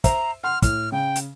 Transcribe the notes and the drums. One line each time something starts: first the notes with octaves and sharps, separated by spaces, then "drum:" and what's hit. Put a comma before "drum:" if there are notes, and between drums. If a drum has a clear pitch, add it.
C5 E5 A#5, drum: kick, hi-hat
F#5 C6 F6
A2 F6, drum: kick, hi-hat
C#3 G5
drum: hi-hat